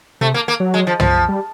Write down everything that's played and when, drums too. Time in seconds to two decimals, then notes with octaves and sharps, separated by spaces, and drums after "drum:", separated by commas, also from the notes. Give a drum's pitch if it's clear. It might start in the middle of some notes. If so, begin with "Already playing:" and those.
0.21 C3 A3
0.34 A#3
0.48 A#3
0.60 F#3
0.74 G#3
0.87 F3
1.00 F3, drum: tom
1.28 G3